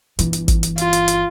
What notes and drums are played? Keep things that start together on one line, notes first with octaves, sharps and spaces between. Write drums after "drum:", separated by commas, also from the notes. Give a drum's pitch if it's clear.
G1 E3, drum: hi-hat
drum: hi-hat
drum: kick, hi-hat
drum: hi-hat
F4, drum: hi-hat
drum: hi-hat
drum: hi-hat